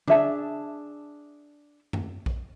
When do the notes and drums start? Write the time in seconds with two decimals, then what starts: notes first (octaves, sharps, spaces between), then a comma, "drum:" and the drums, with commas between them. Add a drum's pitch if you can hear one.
0.08 D4 G#4 E5 A5, drum: tom D3
1.93 drum: tom F#2
2.26 drum: kick A#1